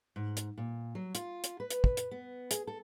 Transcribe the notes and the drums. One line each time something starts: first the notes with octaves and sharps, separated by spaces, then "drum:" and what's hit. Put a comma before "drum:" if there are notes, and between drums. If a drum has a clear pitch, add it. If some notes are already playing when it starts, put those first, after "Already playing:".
G#2
drum: hi-hat
A#2
F#3
F4, drum: hi-hat
drum: hi-hat
B4
drum: hi-hat
drum: kick
drum: hi-hat
B3
G#4, drum: hi-hat
A4